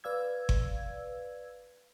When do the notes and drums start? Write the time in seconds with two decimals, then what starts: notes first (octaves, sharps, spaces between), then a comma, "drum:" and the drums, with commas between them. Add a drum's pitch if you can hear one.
0.04 B4 D5 F5 E6 G#6
0.49 drum: kick G1